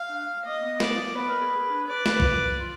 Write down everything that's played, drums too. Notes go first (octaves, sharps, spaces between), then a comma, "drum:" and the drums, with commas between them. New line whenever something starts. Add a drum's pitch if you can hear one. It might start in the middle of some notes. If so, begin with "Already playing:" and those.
Already playing: F5
D4
A#3 D#5
B3
B3 D5, drum: snare
A#3
B3 B4
A#4
G#4
G#4
D4
B4 D5
B4, drum: snare
drum: kick B1
F4